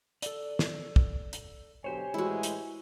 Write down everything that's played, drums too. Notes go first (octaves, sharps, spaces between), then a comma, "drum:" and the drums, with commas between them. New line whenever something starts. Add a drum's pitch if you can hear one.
A4 D5, drum: hi-hat
drum: snare
drum: kick
drum: hi-hat
B2 D3 F#3 G4 C5 C#5 G#5
A2 E3 G#3 E4 F#4
drum: hi-hat